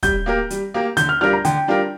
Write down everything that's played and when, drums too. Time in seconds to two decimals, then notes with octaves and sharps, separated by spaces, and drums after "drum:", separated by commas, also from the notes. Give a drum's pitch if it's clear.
0.03 G3 G6, drum: kick, hi-hat
0.26 A#3 G4 A#4
0.50 G3, drum: hi-hat
0.74 A#3 G4 A#4
0.97 D3 G6, drum: hi-hat
1.09 F6
1.21 G3 D4 F4 A#4 F6
1.33 A#5
1.45 D3 G5, drum: hi-hat
1.68 G3 D4 F4 A#4